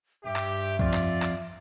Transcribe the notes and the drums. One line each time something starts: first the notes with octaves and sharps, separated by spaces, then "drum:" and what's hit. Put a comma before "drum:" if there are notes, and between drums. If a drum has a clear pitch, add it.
G2 G4 E5
drum: clap
F2 F4 D5, drum: kick B1
drum: clap
drum: clap